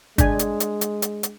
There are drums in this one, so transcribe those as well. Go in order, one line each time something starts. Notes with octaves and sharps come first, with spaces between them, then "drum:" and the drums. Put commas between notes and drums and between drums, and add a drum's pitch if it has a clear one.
G#3 D4 G#5, drum: kick, hi-hat
drum: hi-hat
drum: hi-hat
drum: hi-hat
drum: hi-hat
drum: hi-hat